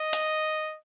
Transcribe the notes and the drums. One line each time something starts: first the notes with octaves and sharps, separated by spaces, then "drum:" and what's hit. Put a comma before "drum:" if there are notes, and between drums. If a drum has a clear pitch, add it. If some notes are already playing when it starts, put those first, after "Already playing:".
Already playing: D#5
drum: hi-hat